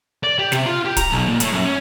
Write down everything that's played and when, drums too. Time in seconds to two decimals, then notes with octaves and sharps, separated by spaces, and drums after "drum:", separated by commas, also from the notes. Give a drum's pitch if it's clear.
0.23 D5
0.39 G4
0.52 C3, drum: snare
0.66 F4
0.85 G4
0.97 A#5, drum: kick, hi-hat
1.11 B1
1.29 A#2
1.40 A2, drum: hi-hat
1.52 F#2
1.65 C#4